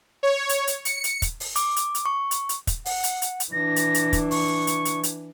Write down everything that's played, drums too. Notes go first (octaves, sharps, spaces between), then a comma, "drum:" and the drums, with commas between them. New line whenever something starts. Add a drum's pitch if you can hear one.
C#5
drum: hi-hat
drum: hi-hat
C#7, drum: hi-hat
drum: hi-hat
drum: kick, hi-hat
drum: open hi-hat
D6, drum: hi-hat
drum: hi-hat
drum: hi-hat
C#6
drum: hi-hat
drum: hi-hat
drum: kick, hi-hat
F#5, drum: open hi-hat
drum: hi-hat
drum: hi-hat
drum: hi-hat
E3 D4 A#6
drum: hi-hat
drum: hi-hat
drum: kick, hi-hat
C#6, drum: open hi-hat
drum: hi-hat
drum: hi-hat
drum: hi-hat